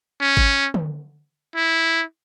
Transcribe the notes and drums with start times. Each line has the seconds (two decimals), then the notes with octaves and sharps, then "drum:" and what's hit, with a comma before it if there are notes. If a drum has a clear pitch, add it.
0.20 C#4
0.37 drum: kick G#1
0.74 drum: tom
1.55 E4